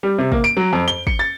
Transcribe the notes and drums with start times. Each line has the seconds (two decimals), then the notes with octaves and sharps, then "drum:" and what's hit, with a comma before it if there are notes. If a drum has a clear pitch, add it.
0.03 G3
0.18 C3
0.32 A#3, drum: kick
0.44 D7
0.57 F#3
0.73 F2
0.88 G7
1.07 C#7, drum: kick
1.19 A6